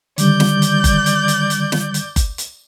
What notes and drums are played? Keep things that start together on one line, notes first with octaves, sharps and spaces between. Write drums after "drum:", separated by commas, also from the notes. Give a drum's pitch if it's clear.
D3 D#3 G3 D5 G6, drum: hi-hat
drum: snare
drum: hi-hat
drum: kick F#1, hi-hat
drum: hi-hat
drum: hi-hat
drum: hi-hat
drum: snare
drum: hi-hat
drum: kick F#1, hi-hat
drum: hi-hat